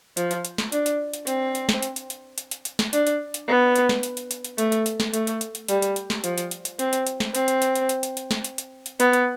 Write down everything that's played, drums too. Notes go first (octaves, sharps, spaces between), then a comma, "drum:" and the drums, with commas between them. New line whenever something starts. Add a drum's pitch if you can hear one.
F3, drum: hi-hat
drum: hi-hat
drum: hi-hat
drum: snare
D4, drum: hi-hat
drum: hi-hat
drum: hi-hat
C4, drum: hi-hat
drum: hi-hat
drum: snare
drum: hi-hat
drum: hi-hat
drum: hi-hat
drum: hi-hat
drum: hi-hat
drum: hi-hat
drum: snare
D4, drum: hi-hat
drum: hi-hat
drum: hi-hat
B3
drum: hi-hat
drum: snare
drum: hi-hat
drum: hi-hat
drum: hi-hat
drum: hi-hat
A3, drum: hi-hat
drum: hi-hat
drum: hi-hat
drum: snare
A3, drum: hi-hat
drum: hi-hat
drum: hi-hat
drum: hi-hat
G3, drum: hi-hat
drum: hi-hat
drum: hi-hat
drum: snare
F3, drum: hi-hat
drum: hi-hat
drum: hi-hat
drum: hi-hat
C4, drum: hi-hat
drum: hi-hat
drum: hi-hat
drum: snare
C4, drum: hi-hat
drum: hi-hat
drum: hi-hat
drum: hi-hat
drum: hi-hat
drum: hi-hat
drum: hi-hat
drum: snare
drum: hi-hat
drum: hi-hat
drum: hi-hat
B3, drum: hi-hat
drum: hi-hat